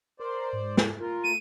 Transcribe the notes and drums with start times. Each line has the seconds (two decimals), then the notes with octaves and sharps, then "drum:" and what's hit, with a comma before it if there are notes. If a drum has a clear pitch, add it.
0.20 A#4 C5 D5 C6
0.53 G#2
0.77 drum: snare
1.01 F4 A#4
1.24 A3 D#7